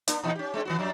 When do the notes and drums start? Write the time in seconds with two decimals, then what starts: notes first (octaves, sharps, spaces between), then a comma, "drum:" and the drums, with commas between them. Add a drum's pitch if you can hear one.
0.08 A#3 D4, drum: hi-hat
0.24 A#2 E3 D#4
0.35 C#4 G4
0.54 G#3 C4 D4
0.65 D#3 B3 F#4
0.79 F2 F#3 D4